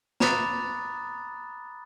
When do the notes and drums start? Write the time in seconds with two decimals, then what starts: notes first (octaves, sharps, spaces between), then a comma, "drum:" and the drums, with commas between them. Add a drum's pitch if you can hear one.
0.20 A#5 B5 D6 D#6 F#6 A6, drum: snare